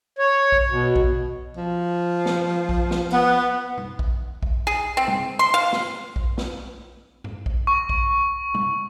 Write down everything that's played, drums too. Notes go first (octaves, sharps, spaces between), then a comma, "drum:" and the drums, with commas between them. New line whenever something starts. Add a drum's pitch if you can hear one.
C#5
drum: kick A#1
B2
drum: kick A#1
F3
drum: snare
drum: kick A#1
drum: snare
B3
drum: tom
drum: kick A#1
drum: kick A#1
G#4
C4
drum: tom
C6
F5
drum: snare
drum: kick A#1
drum: snare
drum: tom G#2
drum: kick A#1
C#6
drum: kick A#1
drum: tom